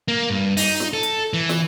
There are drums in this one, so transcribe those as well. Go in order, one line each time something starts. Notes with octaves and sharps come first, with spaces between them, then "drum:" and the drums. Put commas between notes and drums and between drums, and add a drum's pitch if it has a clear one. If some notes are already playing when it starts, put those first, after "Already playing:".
A#3
G2
D#4, drum: open hi-hat
drum: snare
A4
drum: hi-hat
E3
drum: snare